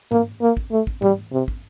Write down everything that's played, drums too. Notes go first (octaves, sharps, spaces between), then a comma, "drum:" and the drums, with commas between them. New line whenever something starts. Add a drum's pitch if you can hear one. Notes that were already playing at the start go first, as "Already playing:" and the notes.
A#3, drum: tom G#2
A#3
drum: kick
A3
drum: kick
G3, drum: tom G#2
C3
drum: kick